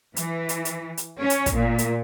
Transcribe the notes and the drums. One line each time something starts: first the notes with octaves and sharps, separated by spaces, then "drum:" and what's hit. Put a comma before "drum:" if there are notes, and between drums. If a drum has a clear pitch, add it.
E3, drum: hi-hat
drum: hi-hat
drum: hi-hat
drum: hi-hat
C#4
drum: hi-hat
drum: kick, hi-hat
A#2
drum: hi-hat